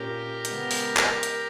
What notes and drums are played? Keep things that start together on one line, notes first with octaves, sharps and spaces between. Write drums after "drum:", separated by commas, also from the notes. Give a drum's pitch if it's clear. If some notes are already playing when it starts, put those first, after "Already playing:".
Already playing: A#2 A#3 C#4 G4 A#4
C#3 G#3 B3, drum: hi-hat
drum: open hi-hat
drum: clap
drum: hi-hat